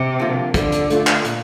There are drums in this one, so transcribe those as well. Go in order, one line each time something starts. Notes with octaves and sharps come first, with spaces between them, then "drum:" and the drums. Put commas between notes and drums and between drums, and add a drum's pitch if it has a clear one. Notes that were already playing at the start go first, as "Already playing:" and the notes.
Already playing: C3
D3 F3 A#3 F4
D3 F3, drum: kick, hi-hat
drum: hi-hat
A3 D4 F4, drum: hi-hat
drum: clap
A#2, drum: hi-hat